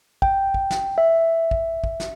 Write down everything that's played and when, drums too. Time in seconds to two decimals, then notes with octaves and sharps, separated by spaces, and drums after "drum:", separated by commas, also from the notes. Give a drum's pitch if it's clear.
0.22 G5, drum: kick
0.54 drum: kick
0.71 drum: snare
0.98 E5
1.51 drum: kick
1.84 drum: kick
2.00 drum: snare